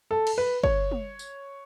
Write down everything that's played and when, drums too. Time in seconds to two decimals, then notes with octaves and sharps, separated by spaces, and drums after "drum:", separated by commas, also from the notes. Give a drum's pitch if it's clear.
0.11 A4
0.27 drum: cymbal
0.38 B4
0.63 C#5, drum: kick
0.91 drum: tom
1.19 drum: tambourine